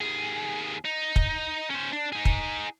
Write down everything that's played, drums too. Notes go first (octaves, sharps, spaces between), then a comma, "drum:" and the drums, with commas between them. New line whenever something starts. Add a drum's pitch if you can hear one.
D#2 G#4
D#4
drum: kick
C#4 C5
D4
D#4 G#4
drum: kick